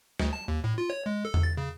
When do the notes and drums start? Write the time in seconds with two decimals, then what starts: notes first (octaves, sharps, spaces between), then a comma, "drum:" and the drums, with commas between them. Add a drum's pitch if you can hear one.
0.19 D2, drum: snare
0.33 A5
0.48 D#2
0.64 A2
0.78 F4
0.90 C#5
1.06 G#3
1.25 A4
1.34 drum: tom E2
1.43 A6
1.57 C#3